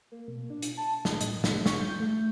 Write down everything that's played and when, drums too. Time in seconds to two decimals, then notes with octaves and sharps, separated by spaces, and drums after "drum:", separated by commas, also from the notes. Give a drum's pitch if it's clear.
0.12 A#3
0.28 B2
0.50 D4
0.62 drum: hi-hat
0.77 A5
1.05 D#5, drum: snare
1.21 A2, drum: hi-hat
1.44 A3, drum: snare
1.66 C#6, drum: snare
1.81 G6
2.00 A3